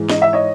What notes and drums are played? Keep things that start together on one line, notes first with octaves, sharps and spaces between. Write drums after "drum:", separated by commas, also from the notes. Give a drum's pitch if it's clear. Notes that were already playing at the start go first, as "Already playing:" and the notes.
Already playing: G#2 E3 G#3
D#5, drum: snare
E5
C#5 D#5